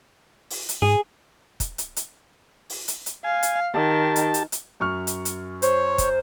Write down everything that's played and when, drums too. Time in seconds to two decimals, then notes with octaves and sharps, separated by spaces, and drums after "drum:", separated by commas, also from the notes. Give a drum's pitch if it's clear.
0.50 drum: open hi-hat
0.69 drum: hi-hat
0.82 G#2 G#4
1.60 drum: kick, hi-hat
1.78 drum: hi-hat
1.96 drum: hi-hat
2.70 drum: open hi-hat
2.88 drum: hi-hat
3.06 drum: hi-hat
3.24 F5 G#5
3.43 drum: hi-hat
3.74 D#3 G4 A5
4.16 drum: hi-hat
4.34 drum: hi-hat
4.52 drum: hi-hat
4.80 F#2 C#6 F6
5.07 drum: hi-hat
5.25 drum: hi-hat
5.62 C5 C#5, drum: hi-hat
5.98 drum: kick, hi-hat